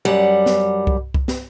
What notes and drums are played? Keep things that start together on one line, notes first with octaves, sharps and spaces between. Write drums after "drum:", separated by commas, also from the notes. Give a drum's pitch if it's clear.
F#2 G3 F#5
drum: snare
drum: kick C2
drum: kick C2
drum: snare